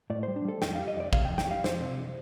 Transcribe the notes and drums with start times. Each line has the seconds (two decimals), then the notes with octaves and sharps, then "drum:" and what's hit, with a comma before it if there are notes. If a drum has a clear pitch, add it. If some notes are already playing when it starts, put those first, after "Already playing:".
0.10 A2 D5
0.23 G3 C5
0.36 D4
0.45 G3 A4
0.62 F2 G5, drum: snare
0.75 G3 F5
0.88 D#5
0.96 F2 D5
1.13 C3 F5, drum: kick
1.25 G5
1.30 F2
1.38 G5, drum: snare
1.47 G3 F5
1.64 F2 C5, drum: snare
1.81 C3